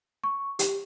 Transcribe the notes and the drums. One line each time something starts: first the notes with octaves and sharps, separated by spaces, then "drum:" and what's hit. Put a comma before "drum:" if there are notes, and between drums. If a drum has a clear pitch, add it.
C#6
G4, drum: hi-hat